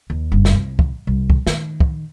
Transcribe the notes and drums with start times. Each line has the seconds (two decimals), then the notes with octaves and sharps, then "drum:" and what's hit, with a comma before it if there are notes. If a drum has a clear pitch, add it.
0.10 D#2
0.32 F#1 G2
0.45 drum: snare
0.55 C2
0.79 drum: kick
1.07 C2
1.30 drum: kick
1.47 D#3, drum: snare
1.80 drum: kick